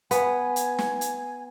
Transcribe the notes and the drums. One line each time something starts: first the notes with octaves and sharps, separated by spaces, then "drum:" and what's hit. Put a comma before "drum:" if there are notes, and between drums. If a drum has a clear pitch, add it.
B3 G#5, drum: hi-hat
drum: hi-hat
drum: snare
drum: hi-hat